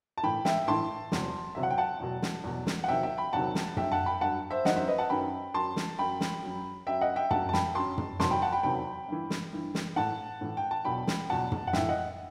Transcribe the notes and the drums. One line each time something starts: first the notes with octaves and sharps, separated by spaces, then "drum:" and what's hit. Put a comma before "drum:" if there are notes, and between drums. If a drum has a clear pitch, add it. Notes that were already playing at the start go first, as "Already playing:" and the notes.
A5
A2 E3 G5 B5
E5 G5, drum: snare
A2 E3 A5 C6
E2 C3 F#3, drum: snare
E2 C3 F#3 E5
F#5
G5
F#5 A5
E2 B2 F#3
drum: snare
E2 B2 F#3
drum: snare
F#5
E2 C3 D#3 F#3 E5 G5
E5 G5
G5 B5
E2 C3 D#3 F#3 F#5 A5
drum: snare
G2 F#3 E5 G5, drum: tom
F#5 A5
G5 B5
G2 F#3 F#5 A5
C5 E5
F#2 D#3 F#3 D#5 F#5, drum: snare
C5 E5
B4 D#5
F#5 A5
F#2 D#3 F#3 G5 B5
F#2 F#3 A5 C6
drum: snare
F#2 F#3 G5 B5
drum: snare
F#2 F#3
F#2 F#3 E5 G5
D#5 F#5
E5 G5
F#2 F#3 F#5 A5, drum: tom
A5
G5 B5, drum: snare
F#2 F#3 A5 C6
drum: tom
E2 C3 D#3 F#3 A5 C6, drum: snare
G5 B5
F#5 A5
G5 B5
E2 C3 D#3 F#3 G5 B5
G2 E3
drum: snare
G2 E3
drum: snare
A2 E3 F#5 A5
A2 E3
G5
A5
E2 B2 F#3 G5 B5
drum: snare
E2 B2 F#3 F#5 A5
drum: tom
F#5
A2 E3 E5 G5, drum: snare
D#5 F#5